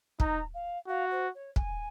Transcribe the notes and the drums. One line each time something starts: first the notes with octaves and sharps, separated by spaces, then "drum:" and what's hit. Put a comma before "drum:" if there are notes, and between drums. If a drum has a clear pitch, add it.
D#4 A#5, drum: kick
F5
F#4 F5
C5
C#5
G#5, drum: kick